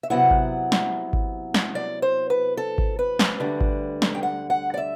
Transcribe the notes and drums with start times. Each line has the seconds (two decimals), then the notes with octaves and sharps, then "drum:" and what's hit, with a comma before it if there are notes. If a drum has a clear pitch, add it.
0.03 E5
0.10 C3 F#3 B3 E4 F#5
0.31 drum: kick G#1
0.72 drum: snare
1.13 drum: kick G#1
1.54 drum: snare
1.75 D5
2.02 C5
2.30 B4
2.57 A4
2.78 drum: kick G#1
2.99 B4
3.19 drum: snare
3.40 D2 D3 G3
3.61 drum: kick G#1
4.02 drum: snare
4.15 G5
4.23 F#5
4.50 F#5
4.74 D5
4.77 E5